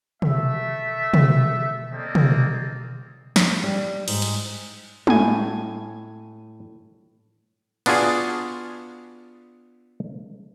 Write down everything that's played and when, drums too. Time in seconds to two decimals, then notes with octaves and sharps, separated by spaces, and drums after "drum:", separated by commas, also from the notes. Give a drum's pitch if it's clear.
0.22 A3 E5, drum: tom
1.14 drum: tom
1.91 A#3 C4 A4 D5 D#5
2.15 drum: tom
3.36 drum: snare
3.64 G3
4.08 G#2, drum: open hi-hat
4.22 drum: cymbal
5.07 A2 G#5, drum: tom
7.86 B3 D4 F4 F#4 G#4, drum: cymbal